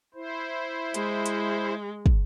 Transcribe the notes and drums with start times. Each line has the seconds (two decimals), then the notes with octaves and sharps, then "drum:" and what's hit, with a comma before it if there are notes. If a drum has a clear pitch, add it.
0.14 E4 C5
0.94 G#3, drum: hi-hat
1.26 drum: hi-hat
2.06 drum: kick